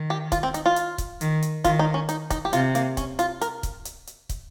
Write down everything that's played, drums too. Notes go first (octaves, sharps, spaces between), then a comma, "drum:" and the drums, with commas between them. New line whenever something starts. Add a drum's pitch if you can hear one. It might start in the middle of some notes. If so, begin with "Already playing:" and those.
Already playing: D#3
G4
F4, drum: kick, hi-hat
C4
D#4, drum: hi-hat
F4
drum: hi-hat
drum: kick, hi-hat
D#3, drum: hi-hat
drum: hi-hat
D#3 F4, drum: kick, hi-hat
D#4
C#4
D#4, drum: hi-hat
D#4, drum: kick, hi-hat
G4
C3 F4, drum: hi-hat
A#3, drum: hi-hat
C#4, drum: kick, hi-hat
F4, drum: hi-hat
A#4, drum: hi-hat
drum: kick, hi-hat
drum: hi-hat
drum: hi-hat
drum: kick, hi-hat